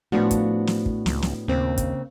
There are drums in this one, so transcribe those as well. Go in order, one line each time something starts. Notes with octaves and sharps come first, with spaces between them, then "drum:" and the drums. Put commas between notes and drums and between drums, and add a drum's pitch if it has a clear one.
A2 F3 B3 D4 F#4
drum: kick, hi-hat
drum: snare
drum: kick
C#2, drum: snare
drum: snare
D#2 C#3 A#3 C4
drum: kick, hi-hat